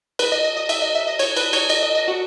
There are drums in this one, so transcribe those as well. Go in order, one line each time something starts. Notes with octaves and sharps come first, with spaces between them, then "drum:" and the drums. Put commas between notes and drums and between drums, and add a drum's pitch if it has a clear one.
B4, drum: cymbal
D#5
D#5
D#5
E5, drum: cymbal
D#5
E5
D#5
C#5, drum: cymbal
B4, drum: cymbal
C#5, drum: cymbal
D#5, drum: cymbal
D#5
D#5
F#4